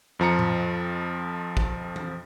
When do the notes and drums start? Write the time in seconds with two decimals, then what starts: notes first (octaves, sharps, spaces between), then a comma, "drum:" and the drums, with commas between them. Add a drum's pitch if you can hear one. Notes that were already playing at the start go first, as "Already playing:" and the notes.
0.19 F2 F3 A#5 C#7
0.39 drum: tom A2
1.57 drum: kick
1.96 drum: tom E3